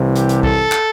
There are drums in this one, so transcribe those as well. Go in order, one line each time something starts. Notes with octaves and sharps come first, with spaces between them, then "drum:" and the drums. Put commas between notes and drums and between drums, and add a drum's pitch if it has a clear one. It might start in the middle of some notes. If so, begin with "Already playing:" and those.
Already playing: C2 C3 E3
G4, drum: hi-hat
drum: hi-hat
A4, drum: kick B1
drum: clap